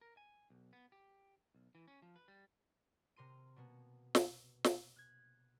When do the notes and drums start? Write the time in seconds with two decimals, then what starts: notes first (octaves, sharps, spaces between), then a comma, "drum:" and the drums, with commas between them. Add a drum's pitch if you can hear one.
0.01 A#4
0.17 G#5
0.50 B1
0.73 B3
0.92 G4
1.55 B1
1.75 E3
1.88 C#4
2.02 F3
2.16 B4
2.28 G3
3.16 C3 A#4 C6 D#7
3.56 B2 A#3 B3
4.15 drum: snare
4.64 drum: snare
4.96 F#6 G#6